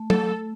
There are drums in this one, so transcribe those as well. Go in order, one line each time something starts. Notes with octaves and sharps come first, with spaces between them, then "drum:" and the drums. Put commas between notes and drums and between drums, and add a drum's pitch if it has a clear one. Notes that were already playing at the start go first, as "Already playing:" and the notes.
Already playing: A3
A4, drum: tom